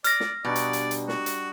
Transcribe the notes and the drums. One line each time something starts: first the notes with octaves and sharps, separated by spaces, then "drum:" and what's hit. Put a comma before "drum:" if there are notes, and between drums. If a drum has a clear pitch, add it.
D5 F6 A#6, drum: hi-hat
drum: snare
B2 G3 D4 D#4 D5
drum: hi-hat
drum: hi-hat
drum: hi-hat
F#4, drum: snare
drum: hi-hat